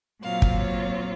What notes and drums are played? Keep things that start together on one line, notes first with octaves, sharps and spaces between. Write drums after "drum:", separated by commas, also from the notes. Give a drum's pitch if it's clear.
A#2 F#3 C4 F4 F5
drum: kick
C#5